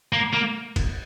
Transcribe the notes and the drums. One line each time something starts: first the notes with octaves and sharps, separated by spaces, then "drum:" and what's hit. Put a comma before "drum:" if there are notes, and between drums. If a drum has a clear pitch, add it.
A#3
A#3
drum: kick F1, cymbal